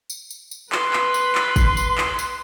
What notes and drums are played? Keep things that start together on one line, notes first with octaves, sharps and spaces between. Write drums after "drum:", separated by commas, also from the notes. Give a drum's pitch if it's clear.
drum: tambourine
drum: tambourine
drum: tambourine
B4 C6, drum: clap
drum: clap
drum: tambourine
drum: clap
drum: kick, tambourine
drum: tambourine
drum: clap
drum: tambourine